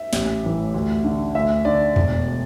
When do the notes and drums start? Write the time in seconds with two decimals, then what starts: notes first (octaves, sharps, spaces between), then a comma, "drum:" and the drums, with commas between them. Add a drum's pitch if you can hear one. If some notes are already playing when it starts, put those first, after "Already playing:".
Already playing: E5
0.13 A1, drum: snare
0.43 A2 E3
0.74 D2
1.04 D3
1.35 D2 E5
1.65 D3 D5
1.96 E1, drum: tom E2